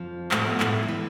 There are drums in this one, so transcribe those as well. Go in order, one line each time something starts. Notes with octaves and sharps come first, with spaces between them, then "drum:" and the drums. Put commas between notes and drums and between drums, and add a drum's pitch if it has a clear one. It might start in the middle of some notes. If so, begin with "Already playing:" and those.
Already playing: F2 F3
A2 A3, drum: clap
B2 B3
A2 A3, drum: clap
F3
E3